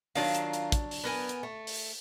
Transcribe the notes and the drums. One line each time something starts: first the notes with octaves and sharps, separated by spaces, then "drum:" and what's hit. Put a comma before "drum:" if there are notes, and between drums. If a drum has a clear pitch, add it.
D#3 F#3 D4 F4 F5, drum: open hi-hat
drum: hi-hat
drum: hi-hat
drum: kick, hi-hat
drum: open hi-hat
B3 A#4 G#5
drum: hi-hat
A3
drum: open hi-hat